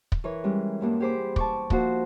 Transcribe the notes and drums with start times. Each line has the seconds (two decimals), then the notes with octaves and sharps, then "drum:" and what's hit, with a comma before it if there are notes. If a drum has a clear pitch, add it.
0.12 drum: kick
0.24 E3 A#4 B4 C#5
0.44 G3 G#3 C#4
0.81 E2 G2 A#3
1.00 G4 G#4 C5 B5 D6
1.36 A5 C#6 D6, drum: kick
1.70 F3 A#3 D#4 F#4 C5, drum: kick